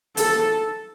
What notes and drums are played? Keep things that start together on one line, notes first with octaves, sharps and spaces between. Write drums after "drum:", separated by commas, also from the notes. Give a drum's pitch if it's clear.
A4, drum: hi-hat